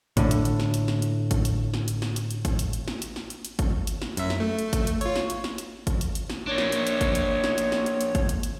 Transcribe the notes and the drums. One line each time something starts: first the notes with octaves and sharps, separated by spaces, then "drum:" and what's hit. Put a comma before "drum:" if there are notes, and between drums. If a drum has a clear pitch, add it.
A2 D3, drum: kick G#1, hi-hat
drum: hi-hat
drum: hi-hat
drum: snare
drum: hi-hat
drum: snare
drum: hi-hat
drum: kick G#1, hi-hat
drum: hi-hat
drum: snare
drum: hi-hat
drum: snare
drum: hi-hat
drum: hi-hat
drum: kick G#1, hi-hat
drum: hi-hat
drum: hi-hat
drum: snare
drum: hi-hat
drum: snare
drum: hi-hat
drum: hi-hat
drum: kick G#1, hi-hat
drum: hi-hat
drum: snare
F#2 E5, drum: hi-hat
drum: snare
A3
drum: hi-hat
drum: kick G#1, hi-hat
drum: hi-hat
F4 C#5, drum: hi-hat
drum: snare
drum: hi-hat
drum: snare
drum: hi-hat
drum: kick G#1, hi-hat
drum: hi-hat
drum: hi-hat
drum: snare
A#3 D4 C#5
drum: snare
drum: hi-hat
drum: hi-hat
drum: kick G#1, hi-hat
drum: hi-hat
drum: snare
drum: hi-hat
drum: snare
drum: hi-hat
drum: hi-hat
drum: kick G#1, hi-hat
drum: hi-hat
drum: hi-hat